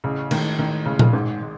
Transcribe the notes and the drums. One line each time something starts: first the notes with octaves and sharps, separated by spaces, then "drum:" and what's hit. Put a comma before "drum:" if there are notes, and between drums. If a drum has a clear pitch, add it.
A1 C#3
A2 D#3 G#3, drum: cymbal
A1 D#3
A2 C#3 G#3
drum: tom A#2
G#1 G#2
D#3 G#3